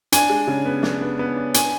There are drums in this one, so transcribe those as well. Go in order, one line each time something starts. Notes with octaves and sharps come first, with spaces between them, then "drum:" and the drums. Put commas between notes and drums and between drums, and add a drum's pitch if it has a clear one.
D4 G#5, drum: hi-hat
G#3
C#3
B3
D4, drum: snare
B3
B3
D4
G#5, drum: hi-hat